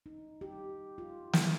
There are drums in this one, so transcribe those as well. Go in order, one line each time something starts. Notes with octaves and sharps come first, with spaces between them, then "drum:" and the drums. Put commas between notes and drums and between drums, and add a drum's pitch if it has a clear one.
D#4
G4
F4
E4, drum: snare